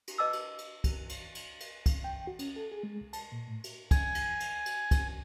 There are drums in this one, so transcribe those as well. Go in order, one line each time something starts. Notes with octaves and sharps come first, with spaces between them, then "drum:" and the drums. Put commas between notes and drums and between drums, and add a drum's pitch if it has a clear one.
drum: cymbal
B4 D#5 A5 D6 E6
drum: cymbal
drum: cymbal
drum: kick, cymbal
drum: cymbal
drum: cymbal
drum: cymbal
drum: kick, cymbal
G5
F#4
C#4, drum: cymbal
A4
G#4
G#3
C2
A5, drum: cymbal
A#2
A2
drum: cymbal
G#5, drum: kick, cymbal
drum: cymbal
drum: cymbal
drum: cymbal
drum: kick, cymbal